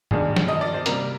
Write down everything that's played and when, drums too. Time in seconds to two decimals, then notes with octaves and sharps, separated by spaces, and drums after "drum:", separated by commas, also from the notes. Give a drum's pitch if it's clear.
0.11 G2 D#3 G3 A#3 G#4, drum: tom G#2
0.36 drum: snare
0.48 D#5
0.61 D5
0.74 C5
0.86 C3 G3 A#3 A#4, drum: hi-hat